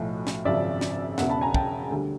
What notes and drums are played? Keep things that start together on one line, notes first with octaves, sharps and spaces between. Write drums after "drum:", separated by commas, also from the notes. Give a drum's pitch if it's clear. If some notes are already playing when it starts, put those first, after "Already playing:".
Already playing: B1 A2 F3
drum: snare
G#1 F#2 C#3 F3 D5 E5
drum: snare
E1 E2 C#3 E5 F#5, drum: snare
A5 B5
G#5 A#5
G5 A5, drum: kick
D2 D3 G3